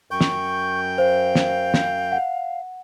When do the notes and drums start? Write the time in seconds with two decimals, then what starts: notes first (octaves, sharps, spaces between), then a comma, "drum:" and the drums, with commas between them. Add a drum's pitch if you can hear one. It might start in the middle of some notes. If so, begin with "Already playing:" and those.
0.11 F#2 G5 C#6 G6
0.21 drum: snare
0.98 C5 F5
1.35 drum: snare
1.74 drum: snare
2.12 F#5